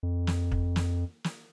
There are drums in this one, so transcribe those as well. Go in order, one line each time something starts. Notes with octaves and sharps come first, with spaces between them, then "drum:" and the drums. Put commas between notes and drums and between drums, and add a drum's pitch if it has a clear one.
F2
drum: snare
drum: kick
drum: snare
drum: snare